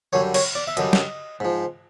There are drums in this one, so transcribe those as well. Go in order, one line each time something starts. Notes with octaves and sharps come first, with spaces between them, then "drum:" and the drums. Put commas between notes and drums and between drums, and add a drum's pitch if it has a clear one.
F#2 D3 G3 C#5
C#5, drum: cymbal
D5
E5
F#2 D3 G3 D#5, drum: hi-hat
drum: snare
G#2 F3